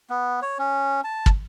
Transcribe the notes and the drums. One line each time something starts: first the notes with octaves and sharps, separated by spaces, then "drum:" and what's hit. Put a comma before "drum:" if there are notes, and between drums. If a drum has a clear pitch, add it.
B3
C#5
C#4
A5
drum: kick